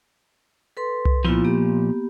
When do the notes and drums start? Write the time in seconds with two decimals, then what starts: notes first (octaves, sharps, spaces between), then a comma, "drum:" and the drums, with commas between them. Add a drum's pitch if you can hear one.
0.77 A4 B4 C6
1.05 drum: tom C2
1.25 A#2 F3 B3 E4 F4
1.44 A#3 B3 G4